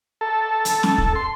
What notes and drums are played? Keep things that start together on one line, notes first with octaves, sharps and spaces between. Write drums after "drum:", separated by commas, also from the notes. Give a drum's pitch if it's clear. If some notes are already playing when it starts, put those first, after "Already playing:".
A4
drum: hi-hat
drum: snare
drum: kick
C6